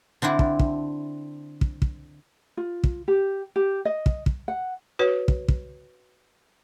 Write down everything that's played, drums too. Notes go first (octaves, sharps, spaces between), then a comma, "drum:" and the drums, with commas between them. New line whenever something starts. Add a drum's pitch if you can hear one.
D3 C4 D4 E4
drum: kick
drum: kick
drum: kick
drum: kick
F4
drum: kick
G4
G4
D#5
drum: kick
drum: kick
F#5
F#4 B4 C#5
drum: kick
drum: kick